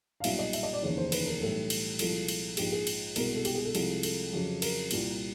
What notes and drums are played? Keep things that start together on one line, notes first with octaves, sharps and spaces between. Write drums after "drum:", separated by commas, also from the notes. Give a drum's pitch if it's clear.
F5
B1 A#2 G3 E5, drum: cymbal
D#5
E5, drum: cymbal
D#5
D5
F1 D#2 C#3 E3 C#5
C5
B4, drum: cymbal
A#4
B1 A2 E3 G3 A4
drum: cymbal
C2 A#2 F3 G#3 A4, drum: cymbal
drum: cymbal
A#1 G#2 F3 G#3 G4, drum: cymbal
G#4
drum: cymbal
C2 B2 G#3 A#4, drum: cymbal
A4
G4, drum: cymbal
G#4
A4
C2 C3 F3 G#3, drum: cymbal
A4, drum: cymbal
F2 C#3 F#3
A#4, drum: cymbal
C2 A#2 G3, drum: cymbal